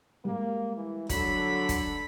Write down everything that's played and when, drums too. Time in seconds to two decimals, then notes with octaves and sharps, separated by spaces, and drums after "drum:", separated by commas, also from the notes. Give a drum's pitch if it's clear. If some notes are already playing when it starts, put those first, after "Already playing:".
0.25 G3 G#3 A#3
0.77 E3
1.09 D3 F#3 A4 B5, drum: kick, hi-hat
1.69 drum: kick, hi-hat